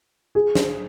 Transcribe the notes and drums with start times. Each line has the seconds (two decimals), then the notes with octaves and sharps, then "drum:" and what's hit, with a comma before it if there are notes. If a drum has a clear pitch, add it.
0.35 G#4
0.55 drum: snare